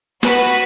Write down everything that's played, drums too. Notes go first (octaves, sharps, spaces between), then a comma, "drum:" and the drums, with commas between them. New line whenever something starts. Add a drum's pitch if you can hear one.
B3 F#4 B4, drum: snare